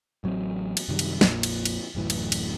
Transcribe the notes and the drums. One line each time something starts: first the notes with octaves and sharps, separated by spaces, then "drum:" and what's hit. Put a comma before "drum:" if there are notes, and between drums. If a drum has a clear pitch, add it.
A1 F#3 A3 C4
drum: cymbal
F#2 C3 D#3 G3
drum: cymbal
A#1 F2 A#2, drum: snare
drum: cymbal
drum: cymbal
D1 F#2 A2 E3
drum: cymbal
drum: cymbal